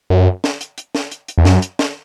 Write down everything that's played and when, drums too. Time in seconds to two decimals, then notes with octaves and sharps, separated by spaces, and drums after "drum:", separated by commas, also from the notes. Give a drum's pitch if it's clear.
0.10 F#2
0.44 drum: snare
0.61 drum: hi-hat
0.78 drum: hi-hat
0.95 drum: snare
1.12 drum: hi-hat
1.28 drum: hi-hat
1.38 E2
1.45 F#2, drum: snare
1.62 drum: hi-hat
1.79 drum: snare